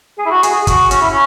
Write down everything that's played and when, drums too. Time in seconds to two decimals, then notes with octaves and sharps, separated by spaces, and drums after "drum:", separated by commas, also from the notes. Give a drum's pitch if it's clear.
0.19 G#4
0.26 E4
0.30 F#4
0.43 G#4, drum: hi-hat
0.55 G#4
0.67 F#4, drum: kick, hi-hat
0.91 C#4, drum: hi-hat
1.01 E4
1.10 C#4